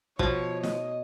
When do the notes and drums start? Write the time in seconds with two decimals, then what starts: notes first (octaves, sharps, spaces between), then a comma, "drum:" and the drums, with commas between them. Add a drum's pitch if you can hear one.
0.19 B2 F3 C#5, drum: kick
0.63 D#5, drum: snare